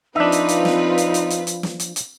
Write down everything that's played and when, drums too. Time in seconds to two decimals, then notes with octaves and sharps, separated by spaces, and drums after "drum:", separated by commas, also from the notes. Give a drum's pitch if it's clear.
0.16 F3 C4 D4 D#4 F4 B4 E5
0.32 drum: hi-hat
0.49 drum: hi-hat
0.65 drum: snare
0.98 drum: hi-hat
1.14 drum: hi-hat
1.30 drum: hi-hat
1.47 drum: hi-hat
1.63 drum: snare
1.80 drum: hi-hat
1.96 drum: hi-hat